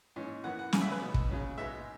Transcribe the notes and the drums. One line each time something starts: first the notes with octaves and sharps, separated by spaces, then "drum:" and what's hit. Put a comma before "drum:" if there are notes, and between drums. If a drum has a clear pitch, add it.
G#2 E3 C#4
F#2 E3 B3 F#5
F#5
C#3 F#3 C#4 G#5, drum: snare
E5
B4
B2 B3
drum: kick
C#3 F#3 C#4
G#2 G#3 B3 E5